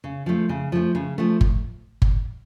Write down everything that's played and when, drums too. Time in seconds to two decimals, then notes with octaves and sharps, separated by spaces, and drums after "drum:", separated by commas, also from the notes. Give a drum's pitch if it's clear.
0.04 C#3
0.26 F3 A3
0.49 C#3
0.72 F3 A3
0.95 C#3
1.18 F3 A3
1.41 drum: kick G1
2.02 drum: kick G1